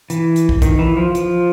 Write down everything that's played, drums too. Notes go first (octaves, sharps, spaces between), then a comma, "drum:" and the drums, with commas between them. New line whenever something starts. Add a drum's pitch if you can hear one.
E3, drum: hi-hat
drum: hi-hat
drum: kick
D#3, drum: kick, hi-hat
E3
F3
F3, drum: hi-hat